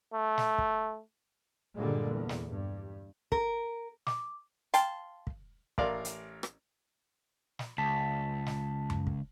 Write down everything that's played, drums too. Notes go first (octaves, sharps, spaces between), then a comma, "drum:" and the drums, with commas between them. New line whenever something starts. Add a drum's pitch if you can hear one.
A3
drum: snare
drum: kick
G2 A#2 D3 G3 G#3 A#3
E2
drum: snare
G2
A#4, drum: kick
D6, drum: snare
F5 G5 A5 C6, drum: hi-hat
drum: kick
A1 A#4 D5 F5 C6, drum: kick
drum: hi-hat
drum: rim click
drum: snare
C#2 A5 B6
drum: snare
drum: tom F#2
drum: kick